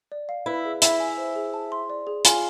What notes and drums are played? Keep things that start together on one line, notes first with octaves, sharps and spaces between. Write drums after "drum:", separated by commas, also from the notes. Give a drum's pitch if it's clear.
D5
F5
E4 B4
G#4
E4 E5, drum: hi-hat
G#5
C5
G#4
A5
C6
D5
G#4
F4 G#5, drum: hi-hat